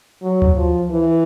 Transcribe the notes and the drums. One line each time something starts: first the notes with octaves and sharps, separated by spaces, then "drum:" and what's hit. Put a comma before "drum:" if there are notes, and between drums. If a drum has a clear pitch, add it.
F#3
drum: tom D2
F3
E3